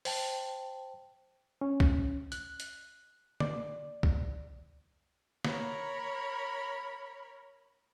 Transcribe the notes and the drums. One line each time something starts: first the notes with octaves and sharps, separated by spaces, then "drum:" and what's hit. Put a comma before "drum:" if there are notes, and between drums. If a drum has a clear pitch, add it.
C5 G5 A5, drum: open hi-hat
C#4
drum: kick B1
F#6, drum: hi-hat
drum: hi-hat
D5, drum: tom
drum: kick B1
A#4 C#5 B5, drum: snare